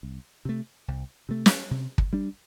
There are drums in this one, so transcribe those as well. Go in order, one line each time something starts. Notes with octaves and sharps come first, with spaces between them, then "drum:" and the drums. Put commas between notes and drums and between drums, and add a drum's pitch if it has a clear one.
C2
C3 A3
C2
C3 A3
drum: snare
C3
drum: kick
G3 D4